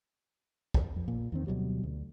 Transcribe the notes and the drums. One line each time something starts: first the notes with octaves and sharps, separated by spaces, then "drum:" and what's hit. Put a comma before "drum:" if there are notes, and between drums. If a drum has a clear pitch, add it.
drum: kick
F2
A#2
E2 D#3 C4
D2 B2 F#3 G3
D2